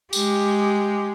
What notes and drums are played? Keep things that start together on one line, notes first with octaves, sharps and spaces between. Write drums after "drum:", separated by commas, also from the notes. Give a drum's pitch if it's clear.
G#3 G4, drum: tambourine